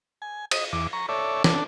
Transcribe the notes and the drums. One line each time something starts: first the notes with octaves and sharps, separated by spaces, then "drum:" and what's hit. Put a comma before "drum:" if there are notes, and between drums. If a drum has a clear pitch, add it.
G#5
D#5, drum: cymbal
E2 D6
A#5 C#6
A4 C#5 D5 E5
D4 A4, drum: snare